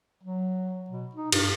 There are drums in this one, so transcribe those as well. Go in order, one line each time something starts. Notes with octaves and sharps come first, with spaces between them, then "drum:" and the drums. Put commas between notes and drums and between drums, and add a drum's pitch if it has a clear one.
F#3
B2
D#4
G2, drum: cymbal